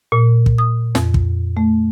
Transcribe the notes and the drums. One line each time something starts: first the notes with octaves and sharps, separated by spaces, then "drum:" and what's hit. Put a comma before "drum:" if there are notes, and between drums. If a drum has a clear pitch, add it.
A#2
drum: kick
D#6
F2, drum: snare
drum: kick
A3